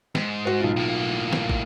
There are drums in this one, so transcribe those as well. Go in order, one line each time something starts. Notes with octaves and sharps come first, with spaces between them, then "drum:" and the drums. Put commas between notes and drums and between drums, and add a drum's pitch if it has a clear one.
G#2, drum: snare
F#4 C5
B1 F4
A2 A#3
drum: snare
drum: kick